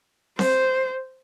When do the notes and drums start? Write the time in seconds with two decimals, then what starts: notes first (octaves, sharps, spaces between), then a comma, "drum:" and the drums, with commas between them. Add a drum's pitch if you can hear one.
0.39 C5, drum: snare C4